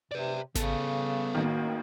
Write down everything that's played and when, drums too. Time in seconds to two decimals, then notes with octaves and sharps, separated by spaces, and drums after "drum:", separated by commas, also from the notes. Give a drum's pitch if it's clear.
0.12 C3 B4 D5
0.55 C#3 B3 A4, drum: snare G#1
1.35 A1 D#3 A#3 F#4